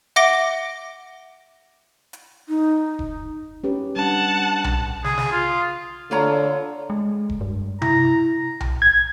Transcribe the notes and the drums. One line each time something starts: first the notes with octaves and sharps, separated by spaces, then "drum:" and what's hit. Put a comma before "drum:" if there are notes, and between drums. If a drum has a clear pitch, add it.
E5 F#5 D6 A#6 D7 G7
drum: hi-hat
D#4
drum: kick E1
C#4 G4 B4
G3 D4 F#5 A5
drum: tom B1
G#4, drum: snare
drum: snare
F4
D3 F4 C#5 A#5
G#3
drum: kick E1
G2
E4 A#5, drum: tom C3
drum: tom B1
G#6